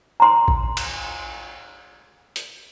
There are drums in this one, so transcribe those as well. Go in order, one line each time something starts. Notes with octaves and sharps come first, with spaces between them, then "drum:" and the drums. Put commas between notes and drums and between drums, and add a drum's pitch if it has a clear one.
A#5 C6
drum: kick A1
drum: cymbal
drum: hi-hat